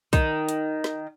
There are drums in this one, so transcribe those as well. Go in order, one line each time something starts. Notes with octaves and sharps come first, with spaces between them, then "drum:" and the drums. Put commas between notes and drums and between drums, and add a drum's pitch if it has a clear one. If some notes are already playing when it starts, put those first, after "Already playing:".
D#3, drum: kick, hi-hat
drum: hi-hat
drum: snare